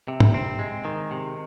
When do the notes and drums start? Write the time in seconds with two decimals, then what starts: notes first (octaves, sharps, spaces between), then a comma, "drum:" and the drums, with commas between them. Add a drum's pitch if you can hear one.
0.08 C3
0.20 drum: tom
0.34 C4
0.59 G#3
0.85 D#3
1.11 C3